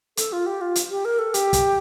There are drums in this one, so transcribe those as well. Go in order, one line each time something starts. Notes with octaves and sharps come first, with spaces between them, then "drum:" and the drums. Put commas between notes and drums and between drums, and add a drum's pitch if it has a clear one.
A4, drum: hi-hat
F4
G4
F4
drum: hi-hat
G4
A#4
A4
G4, drum: hi-hat
drum: kick, hi-hat